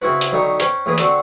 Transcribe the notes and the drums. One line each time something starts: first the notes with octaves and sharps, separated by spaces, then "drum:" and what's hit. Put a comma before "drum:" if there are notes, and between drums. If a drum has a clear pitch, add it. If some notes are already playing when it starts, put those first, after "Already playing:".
C#3 C4 E4 F#4 B4
drum: hi-hat
B1 D3 D#4 G4 C#6
C#4 C5 G5, drum: hi-hat
A1 A#2 E3 G#4
D3 C4 F#4 A4, drum: hi-hat